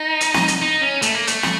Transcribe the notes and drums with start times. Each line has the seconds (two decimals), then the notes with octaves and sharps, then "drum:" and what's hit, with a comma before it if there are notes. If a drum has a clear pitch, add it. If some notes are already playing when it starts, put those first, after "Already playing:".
Already playing: D#4
0.21 drum: hi-hat
0.34 drum: snare
0.48 drum: hi-hat
0.62 D#4
0.81 C#4
1.02 A3, drum: hi-hat
1.15 A#3
1.27 A3, drum: hi-hat
1.43 drum: snare